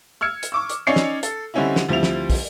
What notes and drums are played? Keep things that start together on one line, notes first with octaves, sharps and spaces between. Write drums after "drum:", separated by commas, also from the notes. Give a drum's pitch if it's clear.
E6 F6 G#6 C#7
drum: hi-hat
C#6 D6 E6
drum: hi-hat
C#4 D#4 C#5 D5 C7 C#7
drum: snare
A4, drum: hi-hat
D3 G3 C4 C#4 D#4 E4
drum: snare
D2 F3 G3 C4 E4 F7
drum: snare
drum: kick, open hi-hat